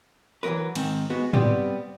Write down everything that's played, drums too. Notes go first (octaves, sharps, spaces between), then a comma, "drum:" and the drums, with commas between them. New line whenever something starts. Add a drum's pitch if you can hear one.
E3 F#3 G#3 A#4 B4
G#2 D#3 C4, drum: cymbal
G#3 B3 F#4
G3 B3 C4 G4, drum: tom